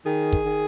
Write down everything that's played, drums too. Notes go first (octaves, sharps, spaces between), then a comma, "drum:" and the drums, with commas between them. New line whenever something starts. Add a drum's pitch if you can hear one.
D#3 G#4
drum: kick
D#3